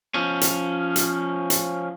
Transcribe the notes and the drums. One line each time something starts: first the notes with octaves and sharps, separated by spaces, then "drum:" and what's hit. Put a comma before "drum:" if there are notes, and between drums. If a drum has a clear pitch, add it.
F3 C#4
drum: hi-hat
drum: hi-hat
drum: hi-hat